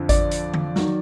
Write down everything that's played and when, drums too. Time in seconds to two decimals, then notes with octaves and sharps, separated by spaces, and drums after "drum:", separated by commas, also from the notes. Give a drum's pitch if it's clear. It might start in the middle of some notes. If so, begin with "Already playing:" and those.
Already playing: F2 D3 F3
0.09 D5, drum: kick G#1, hi-hat
0.31 drum: hi-hat
0.54 drum: tom D3
0.76 D#3 F#3, drum: snare